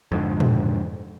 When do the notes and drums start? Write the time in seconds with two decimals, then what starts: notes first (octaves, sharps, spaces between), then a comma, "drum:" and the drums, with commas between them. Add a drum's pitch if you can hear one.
0.12 F2 G#2 D3
0.40 drum: tom